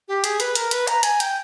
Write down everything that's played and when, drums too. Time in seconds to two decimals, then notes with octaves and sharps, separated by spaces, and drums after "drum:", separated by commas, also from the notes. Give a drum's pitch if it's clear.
0.08 G4
0.24 G#4, drum: hi-hat
0.40 B4, drum: hi-hat
0.55 A#4, drum: hi-hat
0.71 B4, drum: hi-hat
0.87 A#5, drum: hi-hat
1.03 G#5, drum: hi-hat
1.20 G5, drum: hi-hat